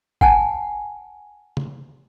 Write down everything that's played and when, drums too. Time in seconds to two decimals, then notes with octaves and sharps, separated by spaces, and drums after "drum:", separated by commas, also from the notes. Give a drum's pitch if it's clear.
0.21 F#5 G#5 A5, drum: kick
1.57 drum: tom